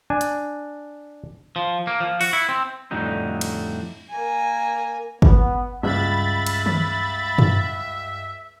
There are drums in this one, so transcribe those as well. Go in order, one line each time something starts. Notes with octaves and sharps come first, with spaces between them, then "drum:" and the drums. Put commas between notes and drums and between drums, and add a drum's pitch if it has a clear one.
D4 G#5
drum: hi-hat
F3
A#3
F3
F#4, drum: open hi-hat
E4
C4
F2 A2 D3 G3 D#4
drum: cymbal
A#3 G#5
B3, drum: kick
C#2 G2 E5 B5 A6
drum: cymbal
drum: tom D#3
drum: tom F#2